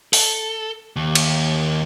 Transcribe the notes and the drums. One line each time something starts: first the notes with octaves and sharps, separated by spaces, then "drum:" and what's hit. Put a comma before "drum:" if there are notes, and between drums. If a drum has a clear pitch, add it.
A4, drum: open hi-hat
D#2
drum: cymbal